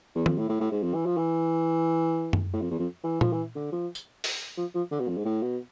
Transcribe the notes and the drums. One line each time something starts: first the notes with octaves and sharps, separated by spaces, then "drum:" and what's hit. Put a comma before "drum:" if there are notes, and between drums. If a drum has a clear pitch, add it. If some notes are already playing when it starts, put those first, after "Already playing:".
E2
F2, drum: tom
A2
A2
A2
G#2
F2
E3
F3
E3
drum: tom F#2
A2
F2
E2
F2
E3
F3, drum: tom
E3
D3
F3
drum: tambourine
drum: open hi-hat
F3
F3
D3
B2
F2
G#2
A2
B2